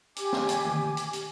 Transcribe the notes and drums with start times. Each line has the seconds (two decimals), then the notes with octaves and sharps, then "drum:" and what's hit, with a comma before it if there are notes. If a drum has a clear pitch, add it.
0.16 G4 G#5 D6, drum: hi-hat
0.33 drum: snare
0.49 drum: hi-hat
0.65 drum: tom D#3
0.97 drum: hi-hat
1.13 drum: hi-hat